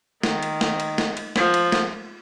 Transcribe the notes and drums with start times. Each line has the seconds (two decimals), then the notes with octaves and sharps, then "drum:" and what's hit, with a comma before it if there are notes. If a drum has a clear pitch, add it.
0.23 D#3, drum: snare
0.43 drum: cymbal
0.61 drum: snare
0.80 drum: cymbal
0.98 drum: snare
1.17 drum: cymbal
1.36 F3, drum: snare
1.54 drum: cymbal
1.72 drum: snare